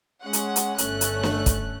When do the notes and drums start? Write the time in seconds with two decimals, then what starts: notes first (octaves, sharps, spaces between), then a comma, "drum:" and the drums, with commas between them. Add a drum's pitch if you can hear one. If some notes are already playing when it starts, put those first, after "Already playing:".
0.22 G#3 C#4 F#5
0.33 drum: hi-hat
0.56 drum: hi-hat
0.78 G1 A3 C#4 F#6, drum: hi-hat
1.01 drum: hi-hat
1.23 drum: snare
1.46 drum: kick, hi-hat